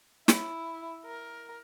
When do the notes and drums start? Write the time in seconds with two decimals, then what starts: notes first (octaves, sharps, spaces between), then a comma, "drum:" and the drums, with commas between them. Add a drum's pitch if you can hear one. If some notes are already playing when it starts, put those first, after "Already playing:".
0.28 E4, drum: snare
1.06 A#4